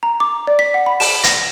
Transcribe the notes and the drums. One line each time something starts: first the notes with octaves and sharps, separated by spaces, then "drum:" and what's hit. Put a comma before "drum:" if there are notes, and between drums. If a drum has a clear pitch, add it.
A#5
D6
D5
B6
F#5
B5
E7, drum: open hi-hat
A#6, drum: hi-hat